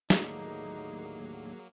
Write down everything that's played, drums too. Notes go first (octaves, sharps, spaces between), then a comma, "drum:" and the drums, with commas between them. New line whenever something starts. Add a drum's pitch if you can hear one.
D#2 A2 D3 F#3 A#3 D#4 G#4, drum: snare